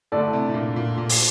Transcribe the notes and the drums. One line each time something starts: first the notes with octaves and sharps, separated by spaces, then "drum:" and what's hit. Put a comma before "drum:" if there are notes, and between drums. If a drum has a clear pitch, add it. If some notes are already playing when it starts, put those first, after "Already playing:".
A2 D3 A3 D4 A4 D5
C3
A2
A#2
A#2
A#2
drum: open hi-hat